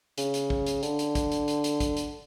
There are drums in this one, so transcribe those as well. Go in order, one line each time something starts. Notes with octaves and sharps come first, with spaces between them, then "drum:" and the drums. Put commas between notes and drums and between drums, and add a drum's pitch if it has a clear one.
C#3, drum: hi-hat
drum: hi-hat
drum: kick
drum: hi-hat
D3, drum: hi-hat
drum: hi-hat
drum: kick, hi-hat
drum: hi-hat
drum: hi-hat
drum: hi-hat
drum: kick, hi-hat
drum: hi-hat